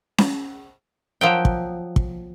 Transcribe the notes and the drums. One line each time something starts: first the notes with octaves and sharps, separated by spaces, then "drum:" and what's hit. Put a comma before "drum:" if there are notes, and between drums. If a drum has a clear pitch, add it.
drum: snare C#4
F3 F#3 G5
drum: kick
drum: kick